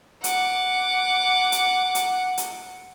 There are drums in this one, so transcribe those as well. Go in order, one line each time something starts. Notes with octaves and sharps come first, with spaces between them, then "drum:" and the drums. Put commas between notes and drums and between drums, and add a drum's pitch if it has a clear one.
F#5 D6, drum: hi-hat
drum: hi-hat
drum: hi-hat
drum: hi-hat